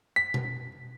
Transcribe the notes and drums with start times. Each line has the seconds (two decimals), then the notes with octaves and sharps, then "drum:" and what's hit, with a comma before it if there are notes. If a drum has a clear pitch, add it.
0.16 B6
0.34 drum: tom B2